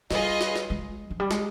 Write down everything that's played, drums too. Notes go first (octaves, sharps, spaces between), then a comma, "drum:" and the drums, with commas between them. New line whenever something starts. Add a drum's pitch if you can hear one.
G3 F4 G#4 B4 D#5, drum: snare
drum: snare
drum: snare
G#3
F3
G3
G#3, drum: snare